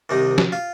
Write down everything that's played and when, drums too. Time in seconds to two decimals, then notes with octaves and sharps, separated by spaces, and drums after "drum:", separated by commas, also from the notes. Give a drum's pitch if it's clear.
0.09 C2 C3 D#3 D#4
0.38 drum: snare
0.52 F4